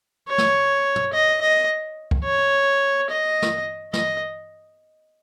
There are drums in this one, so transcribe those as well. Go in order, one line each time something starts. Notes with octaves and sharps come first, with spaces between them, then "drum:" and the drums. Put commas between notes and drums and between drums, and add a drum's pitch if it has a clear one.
C#5
drum: snare
drum: tom
D#5
D#5
drum: kick
C#5
D#5
drum: snare
D#5, drum: snare